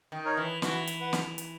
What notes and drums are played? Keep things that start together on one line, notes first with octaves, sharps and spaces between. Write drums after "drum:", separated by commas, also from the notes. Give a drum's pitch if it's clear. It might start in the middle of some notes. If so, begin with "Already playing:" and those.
D#3
D#4 A#4 C#5
E3
E3 F#4, drum: snare
drum: hi-hat
B4 F#5
drum: snare
drum: hi-hat